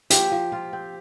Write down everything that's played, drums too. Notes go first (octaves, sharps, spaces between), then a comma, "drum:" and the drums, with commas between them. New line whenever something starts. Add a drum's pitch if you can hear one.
F3 G4, drum: hi-hat
F3
F4
C4